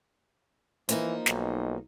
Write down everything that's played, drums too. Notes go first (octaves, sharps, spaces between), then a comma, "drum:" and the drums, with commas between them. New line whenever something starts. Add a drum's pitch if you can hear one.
E3 F3 A#3 D#4, drum: hi-hat
B1, drum: snare